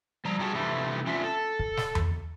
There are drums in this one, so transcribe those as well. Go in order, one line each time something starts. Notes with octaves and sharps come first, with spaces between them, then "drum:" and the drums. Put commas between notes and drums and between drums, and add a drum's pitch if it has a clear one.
F3 G3 A#5
G3 F#4 G#4 C#5 G5 A5
C3 E3 A3
C4 C#4 F4 E5
A4
drum: kick
drum: snare
drum: tom E2